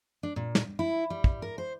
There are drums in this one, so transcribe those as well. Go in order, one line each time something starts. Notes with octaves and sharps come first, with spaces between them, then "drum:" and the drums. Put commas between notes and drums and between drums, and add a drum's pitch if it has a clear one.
D4
A#2
drum: snare
E4
G3
drum: kick
A#4
C5